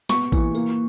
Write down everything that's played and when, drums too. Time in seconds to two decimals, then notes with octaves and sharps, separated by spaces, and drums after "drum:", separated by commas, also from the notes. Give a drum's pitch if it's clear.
0.09 B3 C#6, drum: snare
0.32 E3, drum: kick A1, tambourine
0.55 A#3, drum: tambourine